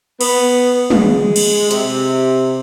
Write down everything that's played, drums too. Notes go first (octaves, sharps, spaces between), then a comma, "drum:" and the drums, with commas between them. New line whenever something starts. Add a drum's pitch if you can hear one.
B3, drum: cymbal
G#3, drum: tom
drum: cymbal
C3, drum: hi-hat